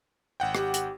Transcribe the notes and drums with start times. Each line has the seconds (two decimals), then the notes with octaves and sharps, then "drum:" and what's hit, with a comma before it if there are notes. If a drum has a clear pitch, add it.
0.40 G#1 F#5 G5
0.55 G4, drum: rim click
0.74 drum: hi-hat